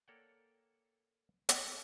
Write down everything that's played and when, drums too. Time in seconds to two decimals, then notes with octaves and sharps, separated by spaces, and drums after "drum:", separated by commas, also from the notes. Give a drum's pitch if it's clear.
0.08 A#3 A4 C#5 D5 F#5 G5
1.49 drum: hi-hat